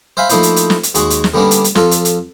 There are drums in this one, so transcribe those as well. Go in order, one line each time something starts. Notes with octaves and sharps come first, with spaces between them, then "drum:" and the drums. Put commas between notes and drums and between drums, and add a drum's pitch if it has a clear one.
C5 E5 F5 G#5 B5
F3 A3 A#3 D#4 E4 C5, drum: hi-hat
drum: hi-hat
drum: hi-hat
drum: snare
drum: hi-hat
D#2 G#3 F#4 G#4 C#6, drum: hi-hat
drum: hi-hat
drum: snare
D3 G3 A#3 B3 C#4 D4
drum: hi-hat
drum: hi-hat
F2 F4 A4, drum: snare
drum: hi-hat
drum: hi-hat